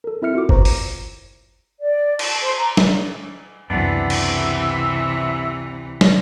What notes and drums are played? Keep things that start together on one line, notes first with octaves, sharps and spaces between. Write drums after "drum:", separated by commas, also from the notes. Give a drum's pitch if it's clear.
A4 A#4
C4 E4 E5 F6 C#7
F4 F#4 A#4 D6
B4 C5 A#5 C#6 D6, drum: kick G1
A#5, drum: open hi-hat
D5
A5, drum: cymbal
C5
A#5
drum: snare
C#2 F#2 C3 E3 B3 D4 E5
drum: cymbal
drum: snare